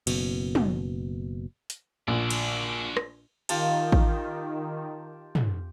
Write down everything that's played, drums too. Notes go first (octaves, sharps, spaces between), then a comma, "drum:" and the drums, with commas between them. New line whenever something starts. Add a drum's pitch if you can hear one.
F#1 B2, drum: cymbal
drum: tom
drum: hi-hat
A#1 D4 F#4
drum: cymbal
drum: rim click
D#3 F4 G4 A5, drum: cymbal
drum: kick A1
drum: tom